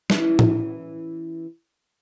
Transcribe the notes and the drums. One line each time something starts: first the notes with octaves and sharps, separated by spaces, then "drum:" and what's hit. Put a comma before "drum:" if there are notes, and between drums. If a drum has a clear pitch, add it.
E3 C#4 E4, drum: snare
drum: tom A2